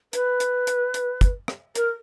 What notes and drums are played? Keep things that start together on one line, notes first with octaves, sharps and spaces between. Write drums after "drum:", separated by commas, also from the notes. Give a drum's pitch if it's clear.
B4, drum: hi-hat
drum: hi-hat
drum: hi-hat
drum: hi-hat
drum: kick, hi-hat
drum: rim click
A#4, drum: hi-hat